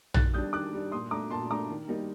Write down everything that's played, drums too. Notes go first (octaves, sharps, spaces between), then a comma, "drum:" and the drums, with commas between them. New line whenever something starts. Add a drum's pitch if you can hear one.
D#3 F#6 A6, drum: tom A#1
G3 D4 D#6 G6
D#3 D6 F#6
G3 D4
A#2 C6 D#6
A3 D4 A#5 D6
A#2 A5 C6
A3 D4 A#5 D6
D#3
G3 A#3 D#4